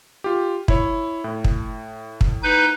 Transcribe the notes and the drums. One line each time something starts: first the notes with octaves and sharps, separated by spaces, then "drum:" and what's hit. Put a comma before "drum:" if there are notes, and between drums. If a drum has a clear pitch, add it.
F4 G4
E4 C#5, drum: kick
A2
drum: kick
drum: kick
D#4 B4 G6